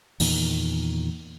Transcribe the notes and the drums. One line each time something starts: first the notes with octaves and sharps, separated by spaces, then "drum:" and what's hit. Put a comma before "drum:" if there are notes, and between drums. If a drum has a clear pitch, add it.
E2 A#2 D#3, drum: open hi-hat